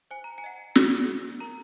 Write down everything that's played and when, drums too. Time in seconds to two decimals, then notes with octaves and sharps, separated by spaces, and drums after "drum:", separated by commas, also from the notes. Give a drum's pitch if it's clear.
0.11 C5 G#5
0.24 A#5
0.38 G#5
0.44 D#5 F#5
0.75 C5, drum: snare
1.08 D#5 F#5
1.40 A#4 A#5